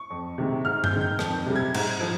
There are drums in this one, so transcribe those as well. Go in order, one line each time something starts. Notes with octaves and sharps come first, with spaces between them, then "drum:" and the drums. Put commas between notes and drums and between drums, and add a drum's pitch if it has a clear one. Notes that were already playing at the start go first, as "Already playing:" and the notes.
Already playing: C#6
F2
C3 D#3 G#3
G#2 F6
G6, drum: tom G2
D#3 G#3
G6
F2, drum: rim click
C3 G3
G#6
G#2, drum: cymbal
F3